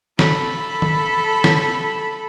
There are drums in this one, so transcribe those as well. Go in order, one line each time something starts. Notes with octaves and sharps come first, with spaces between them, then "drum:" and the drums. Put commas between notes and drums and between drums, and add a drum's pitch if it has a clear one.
A4 B5, drum: snare
drum: tom
drum: snare